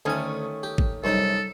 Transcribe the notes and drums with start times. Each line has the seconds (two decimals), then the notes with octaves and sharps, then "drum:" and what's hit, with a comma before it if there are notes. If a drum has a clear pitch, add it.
0.05 D2 D#3 A3 C#4 G#5
0.63 G4
0.78 drum: kick G#1
1.04 C2 F#2 D#4 A4